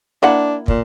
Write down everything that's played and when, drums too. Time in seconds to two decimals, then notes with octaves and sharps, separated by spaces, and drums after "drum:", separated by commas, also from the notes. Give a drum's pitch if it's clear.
0.23 A#3 D4 E4 F#5
0.68 A#2, drum: kick